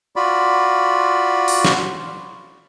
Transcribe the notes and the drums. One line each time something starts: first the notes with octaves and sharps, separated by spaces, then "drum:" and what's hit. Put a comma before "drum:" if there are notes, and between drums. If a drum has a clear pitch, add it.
F4 F#4 D5 B5
drum: open hi-hat
drum: snare